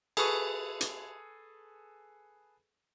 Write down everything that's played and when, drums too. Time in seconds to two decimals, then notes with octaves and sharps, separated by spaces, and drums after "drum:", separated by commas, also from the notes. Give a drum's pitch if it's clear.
0.17 G#4 A4 B4 C#6 D#6, drum: cymbal
0.81 drum: hi-hat